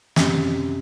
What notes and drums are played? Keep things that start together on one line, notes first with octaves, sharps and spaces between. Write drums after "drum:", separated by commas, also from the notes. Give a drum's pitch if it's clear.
F#2 C3, drum: snare